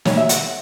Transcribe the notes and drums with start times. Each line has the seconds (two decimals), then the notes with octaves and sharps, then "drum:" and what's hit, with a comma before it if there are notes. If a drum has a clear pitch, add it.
0.05 B2 G3 A#3 C#5, drum: snare
0.17 E5
0.29 F#5, drum: hi-hat